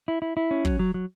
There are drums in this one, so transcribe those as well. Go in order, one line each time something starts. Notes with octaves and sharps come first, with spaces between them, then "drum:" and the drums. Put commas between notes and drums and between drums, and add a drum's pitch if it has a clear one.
E4
E4
E4
C#4
F#3, drum: kick
F#3
F#3